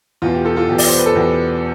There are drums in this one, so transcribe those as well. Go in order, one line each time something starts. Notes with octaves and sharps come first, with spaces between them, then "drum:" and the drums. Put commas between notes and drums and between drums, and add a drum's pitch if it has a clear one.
E2 B2 F4
G4
F4 A4
F4 A4
E2 B2 G4
D5, drum: open hi-hat
C5
B4
A4
E2 B2 G4